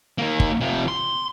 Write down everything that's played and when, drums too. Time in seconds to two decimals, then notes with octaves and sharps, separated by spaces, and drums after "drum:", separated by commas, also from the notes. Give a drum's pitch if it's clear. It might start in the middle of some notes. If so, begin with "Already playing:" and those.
0.18 D#3 A#3
0.40 drum: kick G1
0.61 C3 F3
0.88 C6